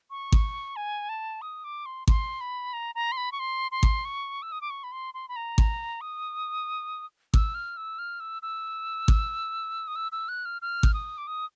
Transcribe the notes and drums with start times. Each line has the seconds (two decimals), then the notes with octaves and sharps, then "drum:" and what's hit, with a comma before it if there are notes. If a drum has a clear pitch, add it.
0.10 C#6
0.32 drum: kick G#1
0.76 G#5
1.09 A5
1.42 D#6
1.64 D6
1.86 C6
2.08 C6, drum: kick G#1
2.41 B5
2.73 A#5
2.95 A#5
3.12 C6
3.17 B5
3.32 C#6
3.40 C6
3.72 C6
3.83 drum: kick G#1
4.05 C#6
4.42 E6
4.52 D#6
4.61 D6
4.70 C#6
4.84 B5
4.92 C6
5.14 C6
5.29 B5
5.36 A#5
5.58 drum: kick G#1
6.01 D#6
7.34 E6, drum: kick G#1
7.55 F6
7.77 E6
7.99 F6
8.20 E6
8.42 E6
9.08 drum: kick G#1
9.88 D#6
9.96 E6
10.12 E6
10.29 F#6
10.45 F6
10.62 F6
10.83 drum: kick G#1
10.94 D#6
11.18 D6
11.27 D#6